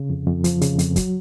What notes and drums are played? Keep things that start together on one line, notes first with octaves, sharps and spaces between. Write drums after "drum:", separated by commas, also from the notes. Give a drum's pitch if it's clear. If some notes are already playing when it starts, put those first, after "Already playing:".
Already playing: C#3
F2
F2
F3, drum: hi-hat
C#3, drum: hi-hat
F2, drum: hi-hat
F#3, drum: kick, hi-hat